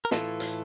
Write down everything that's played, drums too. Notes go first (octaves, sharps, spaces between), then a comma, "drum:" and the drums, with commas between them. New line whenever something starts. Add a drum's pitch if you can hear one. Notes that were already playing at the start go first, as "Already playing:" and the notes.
A#4
A2 E3 A3 F4 A4, drum: snare
drum: hi-hat